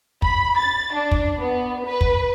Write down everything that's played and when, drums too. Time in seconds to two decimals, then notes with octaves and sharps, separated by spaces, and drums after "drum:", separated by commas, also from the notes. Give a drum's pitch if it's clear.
0.22 B5, drum: kick
0.58 A6
0.93 D4
1.11 drum: kick
1.39 B3
1.85 B4
2.01 drum: kick